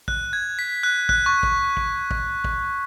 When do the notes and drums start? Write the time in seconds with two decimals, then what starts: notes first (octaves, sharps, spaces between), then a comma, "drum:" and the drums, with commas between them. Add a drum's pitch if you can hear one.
0.08 F#6, drum: kick
0.33 G#6
0.59 B6
0.83 F#6
1.09 F#6, drum: kick
1.26 C#6
1.43 drum: kick
1.77 drum: kick
2.11 drum: kick
2.44 drum: kick